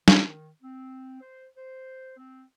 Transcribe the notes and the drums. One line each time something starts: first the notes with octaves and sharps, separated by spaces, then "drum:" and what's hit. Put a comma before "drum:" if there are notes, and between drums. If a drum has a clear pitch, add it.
D#3, drum: snare
D#3
C4
C5
C5
C4